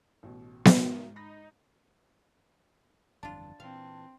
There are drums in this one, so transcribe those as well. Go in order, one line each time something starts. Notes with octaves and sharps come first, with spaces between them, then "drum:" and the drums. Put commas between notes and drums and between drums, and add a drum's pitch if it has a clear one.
A1 B2
drum: snare B3
G#2 D#3
D#4 B5 A#6
G1 F2 E3 D4 F4 A5
A#2 E3 C4 F5